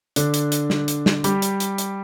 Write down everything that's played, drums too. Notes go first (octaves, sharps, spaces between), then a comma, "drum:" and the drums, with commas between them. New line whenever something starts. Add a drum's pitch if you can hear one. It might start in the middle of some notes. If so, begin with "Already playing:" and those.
D3 D4, drum: hi-hat
drum: hi-hat
drum: hi-hat
drum: snare
drum: hi-hat
drum: snare
G3 G4, drum: hi-hat
drum: hi-hat
drum: hi-hat
drum: hi-hat